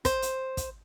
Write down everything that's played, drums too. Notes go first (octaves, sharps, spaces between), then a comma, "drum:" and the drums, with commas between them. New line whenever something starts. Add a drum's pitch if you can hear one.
C5, drum: kick, hi-hat
drum: hi-hat
drum: kick, hi-hat